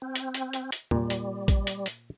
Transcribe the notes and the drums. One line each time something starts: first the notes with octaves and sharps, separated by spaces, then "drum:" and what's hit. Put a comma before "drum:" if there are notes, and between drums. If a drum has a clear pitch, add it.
C4
drum: hi-hat
drum: hi-hat
drum: hi-hat
drum: hi-hat
A#2 G3, drum: tom
drum: hi-hat
drum: kick A1, hi-hat
drum: hi-hat
drum: hi-hat